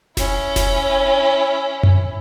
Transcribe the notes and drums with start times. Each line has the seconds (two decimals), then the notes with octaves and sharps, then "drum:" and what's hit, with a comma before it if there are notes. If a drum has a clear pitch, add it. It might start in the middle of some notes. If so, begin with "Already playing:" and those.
0.17 C#4 E4, drum: snare F1
0.56 drum: snare F1
1.83 drum: tom F#2